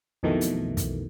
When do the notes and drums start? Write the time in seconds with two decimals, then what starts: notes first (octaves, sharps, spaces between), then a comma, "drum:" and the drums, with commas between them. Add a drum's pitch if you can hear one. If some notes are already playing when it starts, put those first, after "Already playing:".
0.23 B1 F2 B2 D#3 E3 A3
0.41 drum: hi-hat
0.77 drum: kick, hi-hat